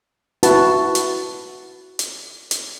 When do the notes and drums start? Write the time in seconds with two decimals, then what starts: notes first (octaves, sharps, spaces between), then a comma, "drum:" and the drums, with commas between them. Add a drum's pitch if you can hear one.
0.43 E4 F#4 B4 A5, drum: hi-hat
0.95 drum: hi-hat
1.99 drum: hi-hat
2.51 drum: hi-hat